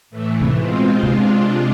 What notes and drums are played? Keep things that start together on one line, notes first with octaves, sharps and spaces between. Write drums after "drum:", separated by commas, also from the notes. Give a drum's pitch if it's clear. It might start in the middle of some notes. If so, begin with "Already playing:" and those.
A2 E3 A3
drum: tom C3
B2 G#3 C4 F4
C3 G#3 D4 F4, drum: tom C3